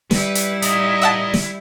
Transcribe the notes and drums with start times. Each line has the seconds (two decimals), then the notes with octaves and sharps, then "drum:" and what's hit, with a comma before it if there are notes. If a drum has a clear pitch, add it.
0.11 G3 E4 B4, drum: snare
0.35 drum: hi-hat
0.62 D#4 D5 F5, drum: hi-hat
1.02 E5 F#5 A5
1.34 drum: snare